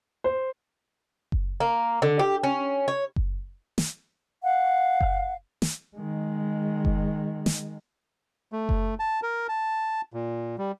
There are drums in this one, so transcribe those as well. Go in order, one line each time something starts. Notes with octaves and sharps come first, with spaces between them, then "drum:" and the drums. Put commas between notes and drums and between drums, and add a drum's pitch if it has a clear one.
C5
drum: kick F#1
A#3
D3
G4
C#4
C#5
drum: kick F#1
drum: snare
F5 F#5
drum: kick F#1
drum: snare
D#3 G#3
drum: kick F#1
drum: snare
A3
drum: kick F#1
A5
A#4
A5
A#2
G3